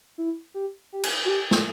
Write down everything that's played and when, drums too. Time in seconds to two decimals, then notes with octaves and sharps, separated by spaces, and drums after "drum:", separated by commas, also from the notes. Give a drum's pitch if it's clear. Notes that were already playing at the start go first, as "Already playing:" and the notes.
0.18 E4
0.54 G4
0.92 G4
1.03 drum: cymbal
1.25 F#4
1.29 G4
1.51 drum: snare